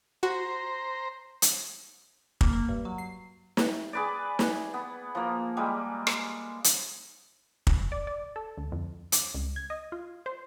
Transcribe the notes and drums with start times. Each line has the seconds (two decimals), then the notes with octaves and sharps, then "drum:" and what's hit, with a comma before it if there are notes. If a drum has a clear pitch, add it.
0.23 F#4 C5 A#5
1.42 drum: hi-hat
2.41 A#3, drum: kick
2.53 A#3
2.69 G2
2.85 F#3
2.98 C7
3.57 drum: snare
3.93 G#4 B4 D5
4.39 drum: snare
4.74 B3
5.15 F3 A#3
5.57 G3 G#3
6.07 drum: rim click
6.64 drum: hi-hat
7.67 drum: kick
7.92 D5
8.07 D5
8.36 A4
8.58 D2
8.72 F2
9.12 D6, drum: hi-hat
9.34 C#2
9.56 G#6
9.70 D#5
9.92 F4
10.26 C5